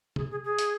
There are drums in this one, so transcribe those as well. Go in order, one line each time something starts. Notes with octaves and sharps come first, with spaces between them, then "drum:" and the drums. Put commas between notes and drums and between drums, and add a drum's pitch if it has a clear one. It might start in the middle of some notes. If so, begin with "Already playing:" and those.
G#4, drum: tom
G#4
G#4
drum: hi-hat